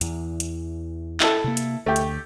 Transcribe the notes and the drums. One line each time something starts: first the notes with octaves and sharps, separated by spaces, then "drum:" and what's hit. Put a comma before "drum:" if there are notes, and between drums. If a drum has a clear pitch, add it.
E2 E3, drum: hi-hat
drum: hi-hat
E4 A4, drum: clap
C3 A#3
drum: hi-hat
D2 A3 G4
drum: hi-hat